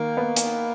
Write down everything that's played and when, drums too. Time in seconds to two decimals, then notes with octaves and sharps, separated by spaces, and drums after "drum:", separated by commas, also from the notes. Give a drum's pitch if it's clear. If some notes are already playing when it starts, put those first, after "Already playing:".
Already playing: D#3 A#3
0.17 B3
0.36 drum: hi-hat